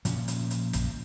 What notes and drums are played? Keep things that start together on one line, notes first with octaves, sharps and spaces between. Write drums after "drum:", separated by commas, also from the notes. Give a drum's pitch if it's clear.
A#2 F3 C#4, drum: hi-hat
drum: hi-hat
drum: hi-hat
drum: kick, hi-hat